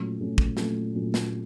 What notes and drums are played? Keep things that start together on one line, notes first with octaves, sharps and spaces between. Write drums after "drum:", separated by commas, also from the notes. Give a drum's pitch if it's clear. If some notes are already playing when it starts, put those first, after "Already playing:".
Already playing: A#2 F#3 A3 C#4
A#2 F#3 A3 C#4
drum: kick
A#2 F#3 A3 C#4, drum: snare
A#2 F#3 A3 C#4
drum: snare